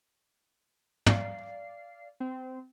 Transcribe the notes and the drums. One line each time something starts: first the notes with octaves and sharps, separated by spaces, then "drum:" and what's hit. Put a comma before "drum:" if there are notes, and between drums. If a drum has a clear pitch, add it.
D5 F5 C7, drum: tom
C4